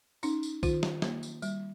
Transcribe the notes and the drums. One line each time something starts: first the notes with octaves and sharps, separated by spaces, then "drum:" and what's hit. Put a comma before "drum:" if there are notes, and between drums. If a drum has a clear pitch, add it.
C#4 D#4, drum: tambourine
drum: tambourine
D#3 F4, drum: kick B1, tambourine
drum: snare
A#3, drum: snare
drum: tambourine
G3, drum: tambourine